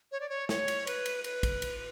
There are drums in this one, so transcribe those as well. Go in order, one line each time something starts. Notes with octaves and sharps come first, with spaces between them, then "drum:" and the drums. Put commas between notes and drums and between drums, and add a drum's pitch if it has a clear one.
C#5
D5
C#5
C#5, drum: snare
drum: cymbal
B4, drum: cymbal
drum: cymbal
B4, drum: cymbal
drum: kick, cymbal
drum: cymbal